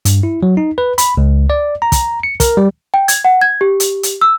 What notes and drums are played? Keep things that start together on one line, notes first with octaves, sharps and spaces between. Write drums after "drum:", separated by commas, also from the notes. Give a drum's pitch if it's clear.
G2, drum: hi-hat
E4
F#3
D#4
B4
B5, drum: hi-hat
C#2
D5
A#5
drum: kick, hi-hat
C#7
A#4, drum: kick, hi-hat
G3
G5
G#6, drum: hi-hat
F#5
G#6
G4
drum: hi-hat
drum: hi-hat
E6